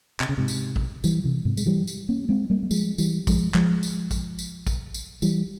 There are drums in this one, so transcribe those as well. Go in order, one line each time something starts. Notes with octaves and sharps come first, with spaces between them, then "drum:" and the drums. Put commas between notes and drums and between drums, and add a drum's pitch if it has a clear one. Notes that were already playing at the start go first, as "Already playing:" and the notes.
C3, drum: clap
C#3
G#2 C3
drum: tambourine
drum: kick A#1
E3 G3, drum: tambourine
C3 E3
G#2 C3
G#3, drum: tambourine
E3 G3
drum: tambourine
A#3 C#4
G#3 C4
G3 A#3
A#3
F3 G#3, drum: tambourine
E3 G3, drum: tambourine
F3 G#3, drum: kick A#1, tambourine
F3 G#3, drum: clap
drum: tambourine
drum: kick A#1, tambourine
drum: tambourine
drum: kick A#1, tambourine
drum: tambourine
E3 G3, drum: tambourine